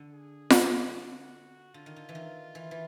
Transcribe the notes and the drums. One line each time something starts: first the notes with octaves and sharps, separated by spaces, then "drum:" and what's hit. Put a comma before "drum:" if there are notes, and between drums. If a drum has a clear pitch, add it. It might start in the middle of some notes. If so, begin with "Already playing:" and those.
Already playing: D3
G#4
drum: snare F4
F#4
D3 F4
D#3
D3
E3
D#3
E3
E3